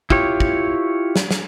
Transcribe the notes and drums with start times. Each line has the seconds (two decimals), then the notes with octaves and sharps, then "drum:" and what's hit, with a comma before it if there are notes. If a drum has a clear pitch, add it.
0.10 E4 F4 G4 C#5, drum: kick
0.40 drum: kick
1.16 drum: snare
1.31 drum: snare